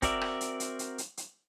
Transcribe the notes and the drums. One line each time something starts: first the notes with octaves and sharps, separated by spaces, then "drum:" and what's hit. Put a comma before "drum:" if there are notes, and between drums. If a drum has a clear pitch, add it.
C4 F#4 A#4 D5 E5, drum: kick, hi-hat
drum: rim click
drum: hi-hat
drum: hi-hat
drum: hi-hat
drum: hi-hat
drum: hi-hat